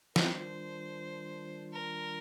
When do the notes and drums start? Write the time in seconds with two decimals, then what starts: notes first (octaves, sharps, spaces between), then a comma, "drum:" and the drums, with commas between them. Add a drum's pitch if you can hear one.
0.16 D#3 G3 D4 F4 C5, drum: snare
1.73 A#4